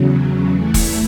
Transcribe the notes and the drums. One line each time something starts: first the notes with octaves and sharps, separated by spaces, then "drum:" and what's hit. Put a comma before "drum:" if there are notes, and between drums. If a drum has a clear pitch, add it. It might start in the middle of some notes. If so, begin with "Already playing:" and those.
Already playing: E2 C#3 F#3
E2 E3 A3 E4
drum: kick E1, open hi-hat